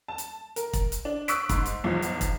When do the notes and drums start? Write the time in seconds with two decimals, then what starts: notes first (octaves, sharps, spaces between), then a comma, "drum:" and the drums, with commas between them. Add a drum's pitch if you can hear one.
0.08 A5
0.18 drum: hi-hat
0.56 A#4, drum: hi-hat
0.73 drum: kick, hi-hat
0.92 drum: hi-hat
1.05 D4
1.28 C#6 D#6 E6 F#6 B6 D7, drum: hi-hat
1.49 G#2 C6, drum: kick, hi-hat
1.66 drum: hi-hat
1.84 B1 E2 G#2 E3 F3
2.02 drum: hi-hat
2.21 drum: kick, hi-hat